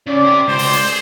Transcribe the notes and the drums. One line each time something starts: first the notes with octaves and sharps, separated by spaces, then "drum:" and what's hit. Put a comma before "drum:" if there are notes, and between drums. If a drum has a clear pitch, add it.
C#3 D5
G4 C5
C#2 C5 C6
drum: open hi-hat
drum: hi-hat
G#4